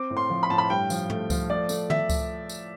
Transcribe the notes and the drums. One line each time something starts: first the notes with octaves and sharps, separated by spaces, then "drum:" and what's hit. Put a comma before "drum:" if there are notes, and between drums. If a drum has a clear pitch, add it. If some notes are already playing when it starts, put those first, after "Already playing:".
Already playing: C4 D6
A2
C6
F3
B5
A2 A5
B5
G2 G5
F3, drum: tambourine
A3, drum: tom
F3, drum: kick C#2, tambourine
A3 D5
A3, drum: tambourine
E5, drum: tom
drum: kick C#2, tambourine
drum: tambourine